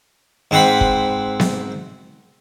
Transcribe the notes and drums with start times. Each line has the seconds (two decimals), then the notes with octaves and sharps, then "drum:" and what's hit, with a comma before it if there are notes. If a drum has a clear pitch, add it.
0.51 G#2 C4 F#5 B5
0.81 drum: kick
1.40 drum: snare B3